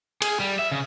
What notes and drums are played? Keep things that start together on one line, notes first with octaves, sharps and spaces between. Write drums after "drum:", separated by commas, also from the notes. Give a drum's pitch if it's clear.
G#4, drum: cymbal
G3
E5
C#3